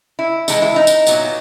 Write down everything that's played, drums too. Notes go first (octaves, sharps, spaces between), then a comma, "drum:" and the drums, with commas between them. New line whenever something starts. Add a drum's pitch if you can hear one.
E4
C3 E3 G#3 D#4, drum: tambourine
E4
D#4
drum: tambourine
A#2 F#3 B3, drum: tambourine